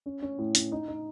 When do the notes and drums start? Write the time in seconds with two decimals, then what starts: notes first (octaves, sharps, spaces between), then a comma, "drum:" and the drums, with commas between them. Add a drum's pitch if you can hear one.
0.06 C#4
0.22 C#4
0.38 A2
0.55 C#4, drum: hi-hat
0.72 D#4
0.88 D#4